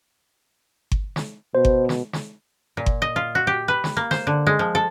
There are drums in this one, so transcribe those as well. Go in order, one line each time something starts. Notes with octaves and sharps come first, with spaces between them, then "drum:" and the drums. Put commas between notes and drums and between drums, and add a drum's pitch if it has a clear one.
drum: kick G1
drum: snare
B2 C5
drum: kick G1
drum: snare
drum: snare
A#2
drum: kick G1
D#5
F4
F#4
G4
B4
drum: snare
A#3
C5, drum: snare
D3
G#3
F3
A4